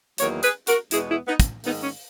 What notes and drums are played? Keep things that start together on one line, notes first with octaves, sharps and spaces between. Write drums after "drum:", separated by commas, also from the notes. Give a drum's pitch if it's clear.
E2 D#3 F#3 A#3 A#4 C#5, drum: hi-hat
G#4 B4, drum: hi-hat
F#4 A#4, drum: hi-hat
E2 B2 G#3 B3 E4 G#4, drum: hi-hat
E4 G#4
B3 D#4
drum: kick, hi-hat
G#2 D#3 A#3 B3 D#4, drum: open hi-hat
C#4